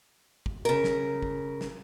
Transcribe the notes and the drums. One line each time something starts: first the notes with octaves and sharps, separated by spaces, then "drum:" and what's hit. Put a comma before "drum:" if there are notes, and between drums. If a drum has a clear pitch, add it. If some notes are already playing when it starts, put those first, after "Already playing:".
drum: kick
C#3 A#4
drum: snare
drum: kick
drum: snare